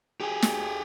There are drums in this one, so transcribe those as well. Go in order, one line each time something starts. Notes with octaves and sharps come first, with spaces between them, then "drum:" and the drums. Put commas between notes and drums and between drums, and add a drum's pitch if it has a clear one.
G4 G#4
drum: snare